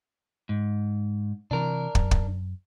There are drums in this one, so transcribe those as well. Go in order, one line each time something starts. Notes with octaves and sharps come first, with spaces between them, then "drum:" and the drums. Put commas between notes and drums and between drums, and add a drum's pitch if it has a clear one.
G#2
C3 E3 D4 A#4
F#2, drum: kick
drum: kick